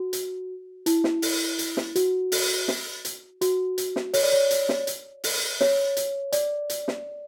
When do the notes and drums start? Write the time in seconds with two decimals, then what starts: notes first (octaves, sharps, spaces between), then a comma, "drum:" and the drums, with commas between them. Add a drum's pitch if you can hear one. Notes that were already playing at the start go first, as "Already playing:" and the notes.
Already playing: F#4
0.13 drum: hi-hat
0.86 E4, drum: hi-hat
1.04 drum: snare
1.22 drum: open hi-hat
1.59 drum: hi-hat
1.77 drum: snare
1.96 F#4, drum: hi-hat
2.32 drum: open hi-hat
2.68 drum: snare
3.05 drum: hi-hat
3.41 F#4, drum: hi-hat
3.78 drum: hi-hat
3.96 drum: snare
4.14 C#5, drum: open hi-hat
4.23 D5
4.32 C#5
4.51 drum: hi-hat
4.69 drum: snare
4.87 drum: hi-hat
5.24 drum: open hi-hat
5.61 C#5, drum: snare
5.97 drum: hi-hat
6.32 D5, drum: hi-hat
6.70 drum: hi-hat
6.88 drum: snare